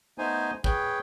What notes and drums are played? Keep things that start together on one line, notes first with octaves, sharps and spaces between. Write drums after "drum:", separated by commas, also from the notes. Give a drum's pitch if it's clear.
A3 B3 D#4 C5 G#5
G#4 B4 C#5 G5, drum: kick